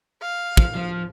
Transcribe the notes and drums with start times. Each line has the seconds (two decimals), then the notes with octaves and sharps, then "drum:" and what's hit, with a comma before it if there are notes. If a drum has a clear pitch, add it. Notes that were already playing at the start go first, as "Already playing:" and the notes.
0.22 F5
0.57 F3, drum: kick
0.75 F3